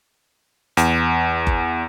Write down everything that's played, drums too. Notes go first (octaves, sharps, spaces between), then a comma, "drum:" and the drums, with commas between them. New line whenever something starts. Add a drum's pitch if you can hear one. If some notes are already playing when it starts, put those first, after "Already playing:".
E2, drum: hi-hat
drum: kick F#1